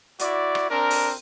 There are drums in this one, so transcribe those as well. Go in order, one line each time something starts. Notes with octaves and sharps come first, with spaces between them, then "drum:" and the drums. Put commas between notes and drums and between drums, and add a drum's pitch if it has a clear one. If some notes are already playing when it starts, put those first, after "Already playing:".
E4 F#4 D5, drum: hi-hat
drum: rim click
C4 D4 A#4
drum: open hi-hat